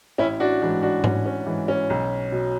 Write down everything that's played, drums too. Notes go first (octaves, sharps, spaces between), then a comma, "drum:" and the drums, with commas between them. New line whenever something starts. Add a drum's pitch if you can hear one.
A1 C#4 E4
D4 F#4
G#2 E3 D4
D4 F#4
A1 C#4, drum: tom G#2
C#4
G#2 E3
C#4
B1
B2